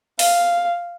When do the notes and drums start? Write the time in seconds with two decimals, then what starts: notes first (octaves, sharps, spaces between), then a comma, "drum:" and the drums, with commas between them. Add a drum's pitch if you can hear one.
0.19 F5, drum: open hi-hat